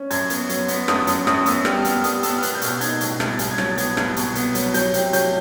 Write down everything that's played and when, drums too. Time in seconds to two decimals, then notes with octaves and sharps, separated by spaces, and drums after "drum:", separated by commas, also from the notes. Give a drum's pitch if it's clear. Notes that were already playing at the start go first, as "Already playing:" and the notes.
Already playing: C#4
0.11 F#2 G#6, drum: hi-hat
0.30 B3, drum: hi-hat
0.49 F#3, drum: hi-hat
0.68 B3, drum: hi-hat
0.88 F#2 D#6, drum: rim click
1.07 F#2, drum: hi-hat
1.27 F#2 D#6, drum: rim click
1.46 B3 E6, drum: hi-hat
1.65 G3 F6, drum: rim click
1.78 F6
1.85 B3, drum: hi-hat
2.04 G3 D#6, drum: hi-hat
2.23 B3 E6, drum: hi-hat
2.38 F6
2.43 B3 F#6, drum: hi-hat
2.55 G6
2.62 B2, drum: hi-hat
2.68 G6
2.81 D#4 G#6, drum: hi-hat
3.01 B2, drum: hi-hat
3.20 C2 A6, drum: rim click
3.39 C2, drum: hi-hat
3.51 G#6
3.58 F#3 A6, drum: rim click
3.78 B3 G#6, drum: hi-hat
3.97 C2, drum: rim click
4.16 B2, drum: hi-hat
4.35 B3, drum: hi-hat
4.55 F#3, drum: hi-hat
4.74 F#3 G6, drum: hi-hat
4.94 C3, drum: hi-hat
5.13 F#3 G6, drum: hi-hat